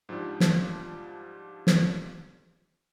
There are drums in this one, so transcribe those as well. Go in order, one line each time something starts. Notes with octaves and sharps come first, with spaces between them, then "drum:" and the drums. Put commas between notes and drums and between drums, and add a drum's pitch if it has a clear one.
G#2 F3 G3 D4 G4
drum: snare
drum: snare